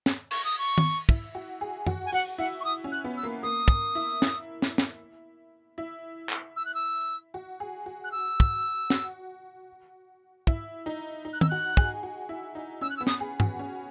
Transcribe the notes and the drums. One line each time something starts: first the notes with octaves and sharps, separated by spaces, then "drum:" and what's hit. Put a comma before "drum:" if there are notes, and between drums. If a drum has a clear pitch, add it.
drum: snare
C#6, drum: cymbal
D#6
C#6
drum: tom
E4, drum: kick
F#4
G#4
F#4, drum: tom F#2
G#5
F#4 F#5, drum: open hi-hat
E4 F#5
C#6
D#6
C#4
F#6
B3
E6
A#3
A#3 D#6
drum: kick
E4
E4, drum: snare
drum: snare
drum: snare
E4
drum: clap
E6
F#6
E6
F#4
G#4
F#4
F#6
E6
drum: kick
F#4, drum: snare
E4, drum: kick
D#4
D#4
F#6
E6, drum: tom
F#4 F#6
G#4, drum: kick
F#4
E4
D#4
C#4 E6
F#6
E6
B3
D#6, drum: snare
G#4
F#4, drum: tom
C#4